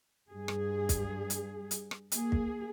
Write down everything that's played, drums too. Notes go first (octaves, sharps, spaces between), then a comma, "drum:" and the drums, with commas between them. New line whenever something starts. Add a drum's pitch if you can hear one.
G2 G#4
drum: rim click
drum: kick, hi-hat
drum: hi-hat
drum: hi-hat
drum: rim click
A#3 G#4, drum: hi-hat
drum: kick